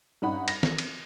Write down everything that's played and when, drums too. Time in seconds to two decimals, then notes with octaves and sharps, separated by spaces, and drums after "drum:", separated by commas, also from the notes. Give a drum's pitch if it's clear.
0.22 G2 C#4 D#4 F#5 B5
0.48 A#6, drum: cymbal
0.63 drum: snare
0.78 drum: cymbal